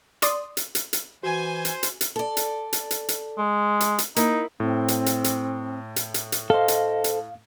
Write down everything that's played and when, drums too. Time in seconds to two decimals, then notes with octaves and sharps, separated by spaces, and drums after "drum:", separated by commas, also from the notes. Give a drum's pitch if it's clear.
0.22 D5 C6 D#6, drum: hi-hat
0.57 drum: hi-hat
0.75 drum: hi-hat
0.93 drum: hi-hat
1.23 E3 F#4 C5 G#5 C6 G#6
1.65 drum: hi-hat
1.83 drum: hi-hat
2.01 drum: hi-hat
2.16 A4 D5
2.37 drum: hi-hat
2.73 drum: hi-hat
2.91 drum: hi-hat
3.09 drum: hi-hat
3.38 G#3
3.80 drum: hi-hat
3.98 drum: hi-hat
4.16 A#3 D#4 E4, drum: hi-hat
4.60 A2 C4
4.88 drum: hi-hat
5.06 drum: hi-hat
5.24 drum: hi-hat
5.96 drum: hi-hat
6.14 drum: hi-hat
6.32 drum: hi-hat
6.50 A4 C5 D#5 F5
6.68 drum: hi-hat
7.04 drum: hi-hat